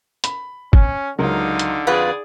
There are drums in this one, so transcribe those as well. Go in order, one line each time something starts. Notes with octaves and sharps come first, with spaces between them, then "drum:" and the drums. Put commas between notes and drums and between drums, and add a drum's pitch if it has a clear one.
B5, drum: hi-hat
C#4, drum: kick
C#2 D3 F#3 D#4 A#4 F5
drum: hi-hat
F2 F4 G#4 B4 D5 F#5